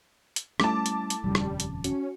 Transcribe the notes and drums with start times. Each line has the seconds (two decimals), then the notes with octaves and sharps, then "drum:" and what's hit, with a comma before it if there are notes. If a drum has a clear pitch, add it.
0.36 drum: hi-hat
0.60 G3 A3 C#4 E4 A5 D6, drum: rim click
0.86 drum: hi-hat
1.10 drum: hi-hat
1.24 D#1 F2 C#3 G3
1.35 drum: rim click
1.60 drum: hi-hat
1.84 C#4 F#4, drum: hi-hat